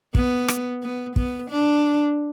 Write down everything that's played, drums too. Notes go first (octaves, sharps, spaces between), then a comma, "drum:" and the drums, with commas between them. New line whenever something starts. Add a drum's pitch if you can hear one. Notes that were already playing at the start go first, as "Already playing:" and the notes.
B3, drum: kick
drum: rim click
B3
B3, drum: kick
D4